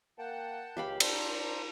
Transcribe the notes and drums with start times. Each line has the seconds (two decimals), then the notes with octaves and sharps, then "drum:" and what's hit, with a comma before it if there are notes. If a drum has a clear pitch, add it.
0.19 A#3 F#5 G5 A5
0.77 C#2 G4 F5 B5
1.00 D4 C5 A5 A#5, drum: cymbal